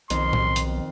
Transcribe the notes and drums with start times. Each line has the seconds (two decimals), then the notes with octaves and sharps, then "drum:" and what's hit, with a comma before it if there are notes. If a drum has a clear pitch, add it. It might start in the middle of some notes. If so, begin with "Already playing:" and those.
0.10 B1 F2 D#3 C6, drum: hi-hat
0.33 drum: tom A2
0.56 drum: hi-hat